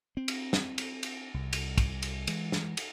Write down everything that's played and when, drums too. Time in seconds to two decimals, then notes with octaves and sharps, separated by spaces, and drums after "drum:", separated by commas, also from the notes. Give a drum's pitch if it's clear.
0.17 C4
0.28 drum: cymbal
0.53 drum: snare
0.78 drum: cymbal
1.03 drum: cymbal
1.34 C2
1.53 drum: cymbal
1.78 drum: kick, cymbal
2.02 drum: cymbal
2.27 E3 G#3, drum: cymbal
2.52 drum: snare
2.77 drum: cymbal